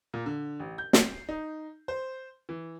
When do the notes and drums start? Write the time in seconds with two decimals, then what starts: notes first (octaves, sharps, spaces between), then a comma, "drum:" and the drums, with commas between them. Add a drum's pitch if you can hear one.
0.14 A#2
0.26 D3
0.60 A1
0.78 G6
0.93 C7, drum: snare
1.29 D#4
1.88 C5
2.49 E3